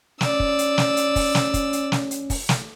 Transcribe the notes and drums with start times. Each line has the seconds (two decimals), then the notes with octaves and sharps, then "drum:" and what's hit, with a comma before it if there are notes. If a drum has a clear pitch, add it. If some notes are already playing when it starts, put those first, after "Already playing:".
0.21 C#4 D5 E6, drum: snare
0.40 drum: kick
0.59 drum: hi-hat
0.78 drum: snare
0.97 drum: hi-hat
1.16 drum: kick, open hi-hat
1.35 drum: snare
1.54 drum: kick, hi-hat
1.73 drum: hi-hat
1.92 drum: snare
2.11 drum: hi-hat
2.30 drum: kick, open hi-hat
2.49 drum: snare